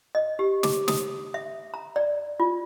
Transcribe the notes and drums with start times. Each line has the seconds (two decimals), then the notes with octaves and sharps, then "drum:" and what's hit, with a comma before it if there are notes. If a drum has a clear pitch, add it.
0.15 D#5
0.39 G4
0.63 D6, drum: snare
0.88 D#6, drum: snare
1.34 E5
1.74 A#5
1.96 D5
2.40 F4